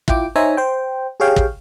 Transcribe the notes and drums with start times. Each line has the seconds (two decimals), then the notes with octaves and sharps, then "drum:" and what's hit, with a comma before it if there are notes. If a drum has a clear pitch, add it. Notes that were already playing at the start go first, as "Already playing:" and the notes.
0.08 E4 F4 G5 D6, drum: kick
0.36 D#4 C5 C#5 E5 G#5 A#5
0.57 C5 G5
1.20 G4 G#4 C#5 F5 G5
1.36 drum: kick